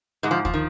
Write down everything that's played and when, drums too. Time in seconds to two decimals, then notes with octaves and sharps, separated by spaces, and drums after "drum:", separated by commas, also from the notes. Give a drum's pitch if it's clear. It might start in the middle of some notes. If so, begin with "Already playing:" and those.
0.23 G#2 G#3
0.31 F3
0.45 F3, drum: kick
0.54 D#3